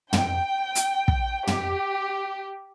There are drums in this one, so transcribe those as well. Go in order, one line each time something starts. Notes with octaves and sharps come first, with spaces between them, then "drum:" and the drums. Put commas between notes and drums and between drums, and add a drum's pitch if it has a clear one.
G5, drum: tom
drum: hi-hat
drum: kick
G4, drum: tom